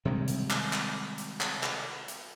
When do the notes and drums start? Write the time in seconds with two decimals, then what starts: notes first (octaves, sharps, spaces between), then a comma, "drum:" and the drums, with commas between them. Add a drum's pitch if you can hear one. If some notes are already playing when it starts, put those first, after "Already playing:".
0.05 C3 D#3 G3 G#3
0.28 drum: hi-hat
0.50 drum: clap
0.73 drum: clap
1.18 drum: hi-hat
1.41 drum: clap
1.63 drum: clap
2.08 drum: hi-hat